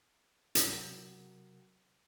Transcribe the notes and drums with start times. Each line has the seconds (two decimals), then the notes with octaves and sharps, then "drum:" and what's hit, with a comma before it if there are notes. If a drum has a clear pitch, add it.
0.55 C3 F#3 F#4 A#4 F#5 G5, drum: hi-hat